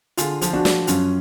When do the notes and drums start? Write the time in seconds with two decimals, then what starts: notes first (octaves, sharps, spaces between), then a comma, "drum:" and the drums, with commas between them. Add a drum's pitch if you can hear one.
0.17 D3 F4 G#4, drum: hi-hat
0.41 F3, drum: hi-hat
0.53 D4 F#4
0.65 F3, drum: snare
0.87 F#2 C#4 F4, drum: hi-hat